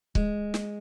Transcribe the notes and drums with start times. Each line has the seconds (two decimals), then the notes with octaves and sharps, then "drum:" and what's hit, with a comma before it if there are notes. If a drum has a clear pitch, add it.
0.15 G#3, drum: kick C#1
0.54 drum: snare